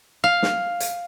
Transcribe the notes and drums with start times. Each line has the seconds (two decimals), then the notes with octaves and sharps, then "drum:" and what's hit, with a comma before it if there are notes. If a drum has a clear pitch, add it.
0.24 F5
0.43 drum: snare
0.80 drum: hi-hat